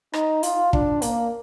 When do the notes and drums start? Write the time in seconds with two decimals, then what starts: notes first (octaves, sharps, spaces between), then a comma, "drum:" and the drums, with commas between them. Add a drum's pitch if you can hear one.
0.13 D#4, drum: rim click
0.43 F4, drum: hi-hat
0.73 D4, drum: kick
1.02 A#3, drum: hi-hat